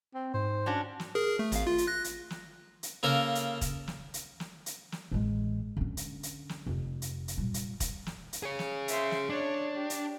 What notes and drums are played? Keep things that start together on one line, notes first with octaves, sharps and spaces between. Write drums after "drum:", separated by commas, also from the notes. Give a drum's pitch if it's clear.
C4
G#2 C5
C#4 D4 F#4
drum: snare
G#4 A#4
A3
G#1 F5, drum: hi-hat
F4
drum: hi-hat
F#6 A#6
drum: hi-hat
drum: snare
drum: hi-hat
C#3 A#3 A4 A#4
drum: hi-hat
drum: kick, hi-hat
drum: snare
drum: hi-hat
drum: snare
drum: hi-hat
drum: snare
A1 G#3
D3 C#4
drum: hi-hat
drum: hi-hat
drum: snare
F1
drum: hi-hat
drum: hi-hat
A#2 G3
drum: hi-hat
drum: kick, hi-hat
drum: snare
drum: hi-hat
G#4 C#5
drum: snare
C5 E5, drum: hi-hat
drum: snare
D4 C#5
G4
drum: hi-hat